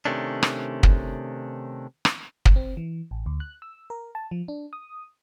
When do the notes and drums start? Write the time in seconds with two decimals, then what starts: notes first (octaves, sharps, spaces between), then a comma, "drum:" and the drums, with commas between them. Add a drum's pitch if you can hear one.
0.05 C3 D#3 A3 C#4 D4
0.43 drum: rim click
0.83 drum: kick
2.05 drum: rim click
2.45 drum: kick
2.56 C4
2.77 E3
3.11 A1
3.26 D2
3.40 F#6
3.62 E6
3.90 A#4
4.15 A5
4.31 F3
4.48 D4
4.73 D#6